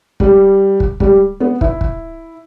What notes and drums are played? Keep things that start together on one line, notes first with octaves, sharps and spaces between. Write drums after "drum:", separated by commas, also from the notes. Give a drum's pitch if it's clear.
G3, drum: kick
drum: kick
G3, drum: kick
B3
E4, drum: kick
drum: kick